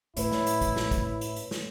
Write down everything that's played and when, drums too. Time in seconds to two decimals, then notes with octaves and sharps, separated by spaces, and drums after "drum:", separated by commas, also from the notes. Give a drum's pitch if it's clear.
0.17 A2 E4 B4 C#5, drum: hi-hat
0.32 drum: snare
0.46 drum: hi-hat
0.61 drum: kick, hi-hat
0.76 drum: snare
0.91 drum: kick, hi-hat
1.21 drum: hi-hat
1.36 drum: hi-hat
1.51 drum: snare